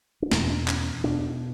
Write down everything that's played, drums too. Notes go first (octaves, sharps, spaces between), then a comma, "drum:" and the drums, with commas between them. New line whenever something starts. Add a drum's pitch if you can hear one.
D4
E2 B2 C#4, drum: snare
D4
C#4, drum: clap
B2 D4